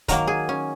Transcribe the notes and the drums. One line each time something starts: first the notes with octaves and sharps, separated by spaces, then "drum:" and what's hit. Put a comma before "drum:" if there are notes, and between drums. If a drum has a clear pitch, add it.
D#3 F#3 A#3 A#4, drum: kick, hi-hat
G#4
C#4